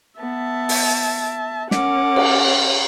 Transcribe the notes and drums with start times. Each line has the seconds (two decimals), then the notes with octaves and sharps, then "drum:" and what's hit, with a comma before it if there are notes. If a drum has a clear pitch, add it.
0.20 B3 E5 A5
0.69 drum: open hi-hat
1.71 C#4 A#4 F#5 D6, drum: snare
2.16 drum: cymbal